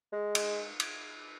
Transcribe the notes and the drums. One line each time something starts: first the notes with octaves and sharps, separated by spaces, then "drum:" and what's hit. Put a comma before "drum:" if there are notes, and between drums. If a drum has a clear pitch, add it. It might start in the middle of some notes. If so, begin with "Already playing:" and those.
G#3
drum: cymbal
drum: cymbal